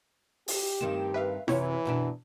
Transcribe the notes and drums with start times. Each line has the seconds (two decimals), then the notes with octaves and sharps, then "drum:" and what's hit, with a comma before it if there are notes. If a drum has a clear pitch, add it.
0.48 G4, drum: open hi-hat
0.81 G2 D#3 C4 E7
1.14 B4 E5 F5
1.48 F#2 C3 E3 E4 C#5, drum: snare F4
1.85 F#2 B2 D4